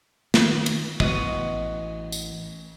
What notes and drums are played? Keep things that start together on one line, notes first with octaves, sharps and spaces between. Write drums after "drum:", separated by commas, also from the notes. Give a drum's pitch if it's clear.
D#3, drum: snare
drum: cymbal
A1 B3 F#4 D#5, drum: kick
drum: tambourine